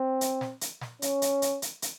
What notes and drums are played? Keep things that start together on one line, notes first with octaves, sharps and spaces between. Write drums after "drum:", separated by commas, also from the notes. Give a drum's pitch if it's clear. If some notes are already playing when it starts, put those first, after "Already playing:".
Already playing: C4
drum: hi-hat
drum: snare
drum: hi-hat
drum: snare
C#4, drum: hi-hat
drum: hi-hat
drum: hi-hat
drum: hi-hat
drum: hi-hat